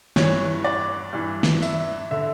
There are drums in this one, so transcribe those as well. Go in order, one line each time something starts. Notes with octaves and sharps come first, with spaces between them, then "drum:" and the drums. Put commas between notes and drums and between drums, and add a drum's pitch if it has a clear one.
G2 E3 C#5, drum: snare
D5
G2 E3
drum: snare
E5, drum: tambourine
D3 E5